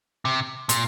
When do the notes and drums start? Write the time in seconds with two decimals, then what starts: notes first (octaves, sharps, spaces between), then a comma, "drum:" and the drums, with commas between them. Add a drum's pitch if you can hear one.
0.25 C3
0.69 A#2, drum: hi-hat